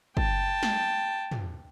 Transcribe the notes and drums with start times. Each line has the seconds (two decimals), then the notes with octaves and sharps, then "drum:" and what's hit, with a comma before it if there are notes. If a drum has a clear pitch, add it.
0.17 G5 A5, drum: kick
0.63 drum: snare
1.31 drum: tom